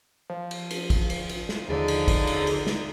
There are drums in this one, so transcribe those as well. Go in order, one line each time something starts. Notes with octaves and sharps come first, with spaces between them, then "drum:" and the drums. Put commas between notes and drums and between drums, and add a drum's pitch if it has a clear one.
F3
drum: cymbal
drum: cymbal
drum: kick, cymbal
drum: cymbal
drum: cymbal
drum: snare
D#2 D3 D#4 G#4 C#5
drum: cymbal
drum: kick, cymbal
drum: cymbal
drum: cymbal
drum: snare